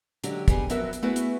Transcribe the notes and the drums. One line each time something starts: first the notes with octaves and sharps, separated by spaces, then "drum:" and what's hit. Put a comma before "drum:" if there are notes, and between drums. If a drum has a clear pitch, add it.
D3 F#3 G#3 G4, drum: hi-hat
G3 B3 G4 G#4, drum: kick, hi-hat
F2 F#3 B3 F#4 A#4 E5, drum: hi-hat
drum: hi-hat
A3 B3 E4 F#4 G#4 B4
drum: hi-hat